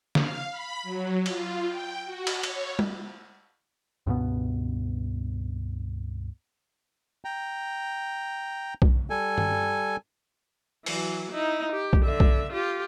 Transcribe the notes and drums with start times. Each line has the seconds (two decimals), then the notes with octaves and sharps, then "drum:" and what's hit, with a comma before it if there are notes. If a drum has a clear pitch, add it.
0.15 F5, drum: snare
0.49 B5
0.83 F#3
1.26 F4, drum: cymbal
1.66 G5
2.05 F#4
2.27 drum: cymbal
2.43 C#5, drum: cymbal
2.79 drum: tom G3
4.07 C#2 G2 B2 B3
7.25 G5 A#5
8.82 drum: kick B1
9.10 G3 A4 G#5
9.38 drum: tom G2
10.86 E3 F#3, drum: open hi-hat
11.32 D#4 E4
11.72 G4
11.93 drum: kick B1
12.04 D3 E5
12.20 drum: kick B1
12.52 F4 G4